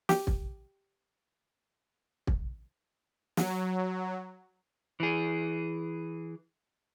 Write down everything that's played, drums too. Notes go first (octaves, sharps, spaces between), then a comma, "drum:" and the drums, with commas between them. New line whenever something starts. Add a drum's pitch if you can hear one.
G4, drum: snare
drum: kick
drum: kick
F#3, drum: snare
E3 G#4